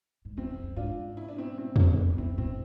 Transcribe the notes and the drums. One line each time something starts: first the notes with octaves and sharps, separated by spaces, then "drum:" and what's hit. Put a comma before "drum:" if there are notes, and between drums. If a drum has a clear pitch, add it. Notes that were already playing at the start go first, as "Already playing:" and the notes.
G#2
F2 C4 E4
E2
F2
G#2 D4 F4
E4
D4
C4 E4
C4 E4
drum: tom E2
E2 B3 D4
E2
F2 C4 E4
A2 C4 E4